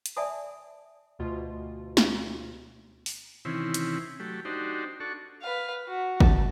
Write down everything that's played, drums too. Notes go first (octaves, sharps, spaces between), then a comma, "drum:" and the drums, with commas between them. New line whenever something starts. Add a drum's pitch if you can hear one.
drum: hi-hat
D5 E5 G#5 A5 B5 D#6
D2 B2 F4
drum: snare
drum: open hi-hat
C3 D#3 E3 C4 C#4 E4
drum: hi-hat
F#3 A3 G4
D4 D#4 F#4 G4 C5
D4 F#4 A4 C#6
B4 F5
F#4
A5, drum: kick